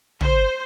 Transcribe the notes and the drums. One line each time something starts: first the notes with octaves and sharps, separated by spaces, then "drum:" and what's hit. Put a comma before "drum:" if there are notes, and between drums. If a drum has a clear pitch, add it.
C5, drum: tom